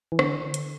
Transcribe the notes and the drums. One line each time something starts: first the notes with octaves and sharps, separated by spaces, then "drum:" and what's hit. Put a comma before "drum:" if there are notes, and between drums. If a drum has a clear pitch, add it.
E3
D3, drum: rim click
drum: hi-hat